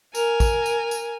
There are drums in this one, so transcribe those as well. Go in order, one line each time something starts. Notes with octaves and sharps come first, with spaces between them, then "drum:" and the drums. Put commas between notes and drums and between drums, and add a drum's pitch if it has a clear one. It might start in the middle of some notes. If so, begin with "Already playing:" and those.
A#4 G#5, drum: tambourine
drum: kick A1, tambourine
drum: tambourine
drum: tambourine